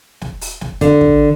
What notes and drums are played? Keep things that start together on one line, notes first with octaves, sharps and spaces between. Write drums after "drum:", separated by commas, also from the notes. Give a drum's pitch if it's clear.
drum: snare
drum: open hi-hat
drum: snare
D3, drum: hi-hat
drum: kick